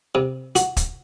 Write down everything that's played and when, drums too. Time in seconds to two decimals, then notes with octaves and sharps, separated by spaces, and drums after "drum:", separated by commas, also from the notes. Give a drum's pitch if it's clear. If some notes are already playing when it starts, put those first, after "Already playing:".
0.15 C3
0.55 F#4, drum: hi-hat
0.77 drum: kick, hi-hat